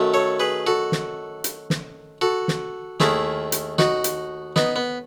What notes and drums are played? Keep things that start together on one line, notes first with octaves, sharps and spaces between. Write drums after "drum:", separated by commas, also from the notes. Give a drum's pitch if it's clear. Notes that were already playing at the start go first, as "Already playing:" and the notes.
Already playing: F#2 D#3 F#3 A3
A4 C#5
G#4 B4
F#4 A4
drum: snare
drum: hi-hat
drum: snare
F#4 A4
drum: snare
D#2 D#3 A3 E4 G#4, drum: snare
drum: hi-hat
D#4 F#4, drum: snare
drum: hi-hat
B3 D#4, drum: snare
B3